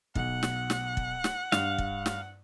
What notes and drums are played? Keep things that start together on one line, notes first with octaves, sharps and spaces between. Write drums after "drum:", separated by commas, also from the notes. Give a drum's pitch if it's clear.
B1 F#5, drum: kick
drum: snare
drum: snare
drum: kick
drum: snare
G2 F5, drum: snare
drum: kick
drum: snare